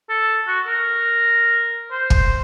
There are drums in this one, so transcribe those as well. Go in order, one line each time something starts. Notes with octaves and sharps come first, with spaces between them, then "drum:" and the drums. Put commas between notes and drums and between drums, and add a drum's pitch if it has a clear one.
A4
F#4
A#4
C5
drum: kick